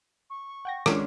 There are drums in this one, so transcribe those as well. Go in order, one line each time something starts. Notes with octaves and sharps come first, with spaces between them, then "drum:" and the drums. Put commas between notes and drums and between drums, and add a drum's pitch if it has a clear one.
C#6
F#5 G5 A#6
G#3 C#4 D4 F4 A4 B6, drum: rim click